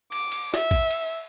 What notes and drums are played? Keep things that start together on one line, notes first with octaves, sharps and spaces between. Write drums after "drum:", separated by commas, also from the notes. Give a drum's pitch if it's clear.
D6, drum: cymbal
drum: cymbal
E5, drum: snare
drum: kick, cymbal
drum: cymbal